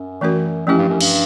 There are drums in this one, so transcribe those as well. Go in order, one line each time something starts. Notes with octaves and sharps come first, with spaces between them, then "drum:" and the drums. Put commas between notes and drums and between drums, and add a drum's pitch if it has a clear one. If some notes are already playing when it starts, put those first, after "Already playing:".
Already playing: F#2
E3 A3 C#4 F#4 A#4
F#2 F3 A3 C#4 E4 G4
G2
F#2
G2, drum: cymbal